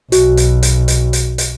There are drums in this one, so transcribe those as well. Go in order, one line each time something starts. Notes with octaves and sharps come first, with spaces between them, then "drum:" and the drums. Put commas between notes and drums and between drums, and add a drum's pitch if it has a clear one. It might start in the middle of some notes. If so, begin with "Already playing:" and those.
B1 F#4, drum: hi-hat
drum: hi-hat
drum: hi-hat
drum: hi-hat
drum: hi-hat
drum: hi-hat